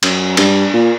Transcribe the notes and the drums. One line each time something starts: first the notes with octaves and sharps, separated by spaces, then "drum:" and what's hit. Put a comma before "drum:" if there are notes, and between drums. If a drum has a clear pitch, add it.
F#2, drum: cymbal
G2, drum: cymbal
A#2